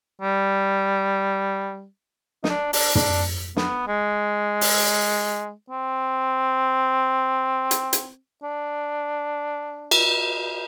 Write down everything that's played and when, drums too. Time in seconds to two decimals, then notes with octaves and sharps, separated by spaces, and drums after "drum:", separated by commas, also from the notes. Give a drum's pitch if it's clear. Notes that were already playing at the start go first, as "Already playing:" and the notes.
0.22 G3
2.44 D#4, drum: snare
2.50 D4
2.73 D4, drum: open hi-hat
2.95 D4, drum: tom
3.57 B3, drum: snare
3.87 G#3
4.61 drum: open hi-hat
5.70 C4
7.71 drum: hi-hat
7.93 drum: hi-hat
8.43 D4
9.91 drum: cymbal